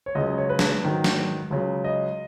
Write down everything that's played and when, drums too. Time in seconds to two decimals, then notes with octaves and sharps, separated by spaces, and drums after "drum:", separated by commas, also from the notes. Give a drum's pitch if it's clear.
0.06 C#5
0.15 C#2 C#3 F#3 D#5
0.27 D#5
0.38 C#5
0.49 B4
0.59 drum: snare
0.84 G#2 D#3 F#3
1.04 drum: snare
1.51 C#2 C#3 F#3
1.84 D#5